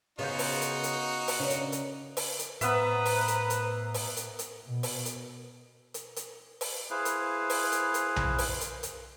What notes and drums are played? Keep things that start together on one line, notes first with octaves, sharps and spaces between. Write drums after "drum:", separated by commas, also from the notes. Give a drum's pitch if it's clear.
C#3 B3 D#4 F4 F#4 C5
drum: open hi-hat
drum: hi-hat
drum: hi-hat
drum: open hi-hat
C#3 D5
drum: hi-hat
drum: hi-hat
drum: open hi-hat
drum: hi-hat
A2 B3 B4 C5 E5 A#5, drum: hi-hat
drum: open hi-hat
drum: hi-hat
drum: hi-hat
drum: open hi-hat
drum: hi-hat
drum: hi-hat
B2
drum: open hi-hat
drum: hi-hat
drum: hi-hat
drum: hi-hat
drum: open hi-hat
E4 G#4 B4 C5 F5
drum: hi-hat
drum: open hi-hat
drum: hi-hat
drum: hi-hat
drum: tom B1
drum: open hi-hat
drum: hi-hat
drum: hi-hat